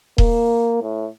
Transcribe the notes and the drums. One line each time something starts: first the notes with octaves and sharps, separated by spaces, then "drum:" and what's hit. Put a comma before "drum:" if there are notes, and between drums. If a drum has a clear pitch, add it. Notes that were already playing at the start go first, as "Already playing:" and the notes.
A#3, drum: kick D#1
A2